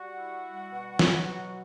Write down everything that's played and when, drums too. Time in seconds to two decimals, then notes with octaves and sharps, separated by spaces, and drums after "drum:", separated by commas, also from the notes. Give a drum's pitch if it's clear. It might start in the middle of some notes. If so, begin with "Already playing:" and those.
Already playing: G3 F#4 F#5
0.18 E4
0.45 G3
0.72 B2
0.99 F#3, drum: snare
1.27 B2